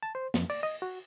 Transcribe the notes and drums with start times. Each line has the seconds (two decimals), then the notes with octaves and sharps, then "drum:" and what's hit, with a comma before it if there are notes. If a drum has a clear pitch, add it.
0.03 A5
0.15 C5
0.34 F2, drum: snare
0.50 D5, drum: cymbal
0.63 D#5
0.82 F#4